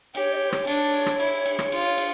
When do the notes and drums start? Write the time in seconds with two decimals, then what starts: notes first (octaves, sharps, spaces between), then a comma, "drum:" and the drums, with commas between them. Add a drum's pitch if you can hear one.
0.15 G4 C#5, drum: cymbal
0.32 D#5
0.35 C#5
0.49 B4
0.52 C#5, drum: rim click
0.67 D4, drum: cymbal
0.93 drum: cymbal
1.06 drum: rim click
1.20 E4, drum: cymbal
1.46 drum: cymbal
1.59 drum: rim click
1.72 F4, drum: cymbal
1.98 drum: cymbal